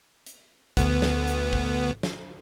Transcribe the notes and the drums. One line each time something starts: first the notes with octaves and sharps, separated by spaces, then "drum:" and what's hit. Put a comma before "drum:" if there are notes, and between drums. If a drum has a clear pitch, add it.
drum: hi-hat
D2 B3, drum: kick, hi-hat
drum: snare
drum: hi-hat
drum: kick
drum: snare